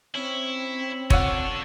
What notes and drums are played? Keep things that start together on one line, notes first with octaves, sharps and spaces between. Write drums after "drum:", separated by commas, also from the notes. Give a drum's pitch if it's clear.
C4 C#4 E4
F4 A4 C#5 D5 F#5 E6 D#7, drum: kick